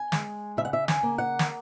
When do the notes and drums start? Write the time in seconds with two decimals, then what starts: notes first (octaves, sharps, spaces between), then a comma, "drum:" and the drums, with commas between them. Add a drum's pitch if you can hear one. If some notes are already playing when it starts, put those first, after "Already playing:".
Already playing: G#5
0.12 G#3, drum: snare
0.57 C#3 E5
0.65 F#5
0.73 E5
0.88 G#5, drum: snare
1.03 A#3
1.18 F#5
1.39 drum: snare